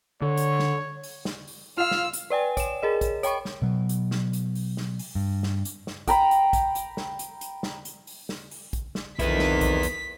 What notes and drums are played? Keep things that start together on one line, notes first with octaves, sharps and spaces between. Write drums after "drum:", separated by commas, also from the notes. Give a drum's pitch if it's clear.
D3 C#5
drum: hi-hat
drum: snare
drum: open hi-hat
drum: snare
drum: open hi-hat
F4 F5 E6 F6
drum: snare
drum: hi-hat
B4 D5 G5 G#5
C#5 E7, drum: kick, hi-hat
G#4 A#4 D#5
drum: kick, hi-hat
C#5 G5 B5 C#6, drum: hi-hat
drum: snare
B2 F#3
drum: hi-hat
drum: snare
drum: hi-hat
drum: open hi-hat
drum: snare
drum: open hi-hat
G2
drum: snare
drum: hi-hat
drum: snare
G5 A#5 B5, drum: kick, hi-hat
drum: hi-hat
drum: kick, hi-hat
drum: hi-hat
drum: snare
drum: hi-hat
drum: hi-hat
drum: snare
drum: hi-hat
drum: open hi-hat
drum: snare
drum: open hi-hat
drum: kick, hi-hat
drum: snare
B1 F2 D#3 B3 E4 B6, drum: hi-hat
drum: snare
drum: kick, hi-hat
drum: hi-hat